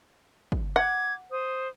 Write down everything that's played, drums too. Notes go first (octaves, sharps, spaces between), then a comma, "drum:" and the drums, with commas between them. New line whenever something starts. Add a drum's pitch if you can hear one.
drum: kick
F#5 D6 G#6
C5 D#6